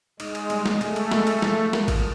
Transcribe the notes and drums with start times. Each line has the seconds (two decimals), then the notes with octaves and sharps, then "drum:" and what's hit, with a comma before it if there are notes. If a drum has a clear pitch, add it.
0.20 G#3 D#4, drum: cymbal
0.35 drum: cymbal
0.50 G3, drum: cymbal
0.65 drum: snare
0.81 G#3 A3, drum: cymbal
0.96 drum: cymbal
1.11 G#3, drum: snare
1.27 drum: cymbal
1.42 F3, drum: snare
1.73 A#3, drum: snare
1.88 drum: kick G#1, cymbal